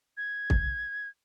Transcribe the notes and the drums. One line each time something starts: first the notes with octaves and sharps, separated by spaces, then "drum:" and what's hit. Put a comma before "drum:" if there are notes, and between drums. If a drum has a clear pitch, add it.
G#6
drum: kick